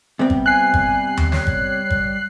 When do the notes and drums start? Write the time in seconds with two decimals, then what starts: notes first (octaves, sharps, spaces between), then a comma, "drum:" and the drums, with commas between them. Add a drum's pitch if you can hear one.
0.19 C3 G3 B3 C4
0.30 drum: kick
0.46 G#5 F#6 C7
0.74 drum: kick
1.17 drum: tom D#2
1.32 C#5, drum: snare
1.47 drum: kick
1.90 drum: kick